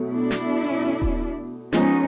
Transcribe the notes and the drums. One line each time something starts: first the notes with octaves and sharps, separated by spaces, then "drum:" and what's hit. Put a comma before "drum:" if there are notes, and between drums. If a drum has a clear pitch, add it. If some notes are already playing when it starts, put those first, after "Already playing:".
Already playing: B2 F#3 A3
D4 E4
drum: snare
drum: kick D#1
F3 G#3 B3 C#4 D#4, drum: snare